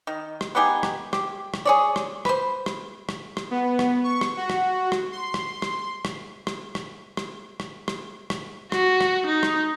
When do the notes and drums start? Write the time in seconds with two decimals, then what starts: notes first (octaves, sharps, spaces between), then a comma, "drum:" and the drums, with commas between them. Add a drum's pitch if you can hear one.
0.07 D#3
0.41 drum: rim click
0.55 B3 D#4 G4 G#4
0.83 drum: rim click
1.13 G4, drum: rim click
1.54 drum: rim click
1.65 G#4 C#5 D5
1.96 drum: rim click
2.25 B4 C5, drum: rim click
2.66 drum: rim click
3.09 drum: rim click
3.37 drum: rim click
3.51 B3
3.79 drum: rim click
4.04 C#6
4.21 drum: rim click
4.37 F#4
4.50 drum: rim click
4.92 drum: rim click
5.12 C6
5.34 drum: rim click
5.62 drum: rim click
6.05 drum: rim click
6.47 drum: rim click
6.75 drum: rim click
7.17 drum: rim click
7.60 drum: rim click
7.88 drum: rim click
8.30 drum: rim click
8.72 F#4, drum: rim click
9.01 drum: rim click
9.26 D#4
9.43 drum: rim click